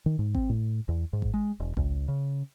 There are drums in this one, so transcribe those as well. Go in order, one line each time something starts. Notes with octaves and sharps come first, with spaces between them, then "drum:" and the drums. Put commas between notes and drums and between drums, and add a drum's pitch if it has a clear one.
D#3
G#2
C4, drum: kick G#1
A2
E2
G#2
drum: kick G#1
G#3
E1
C#2, drum: kick G#1
C#3